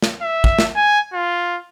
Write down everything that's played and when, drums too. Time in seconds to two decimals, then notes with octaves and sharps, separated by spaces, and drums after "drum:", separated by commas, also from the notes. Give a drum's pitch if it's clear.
0.02 drum: snare
0.22 E5
0.44 drum: kick
0.59 drum: snare
0.76 G#5
1.13 F4